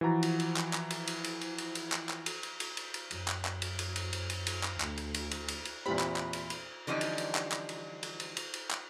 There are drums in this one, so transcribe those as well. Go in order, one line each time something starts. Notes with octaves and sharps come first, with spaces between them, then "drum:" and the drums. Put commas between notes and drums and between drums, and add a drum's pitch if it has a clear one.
E3 F3 F#4 A#5 A6
drum: cymbal
drum: cymbal
drum: clap
drum: clap
drum: cymbal
drum: cymbal
drum: cymbal
drum: cymbal
drum: cymbal
drum: cymbal
drum: clap
drum: clap
drum: cymbal
drum: cymbal
drum: cymbal
drum: cymbal
drum: cymbal
F#2, drum: cymbal
drum: clap
drum: clap
drum: cymbal
drum: cymbal
drum: cymbal
drum: cymbal
drum: cymbal
drum: cymbal
drum: clap
D2, drum: clap
drum: cymbal
drum: cymbal
drum: cymbal
drum: cymbal
drum: cymbal
E2 A#2 C4 F4 G4 B5
drum: clap
drum: clap
drum: cymbal
drum: cymbal
D3 E3 F3 G3 C#4 D#4
drum: cymbal
drum: cymbal
drum: clap
drum: clap
drum: cymbal
drum: cymbal
drum: cymbal
drum: cymbal
drum: cymbal
drum: clap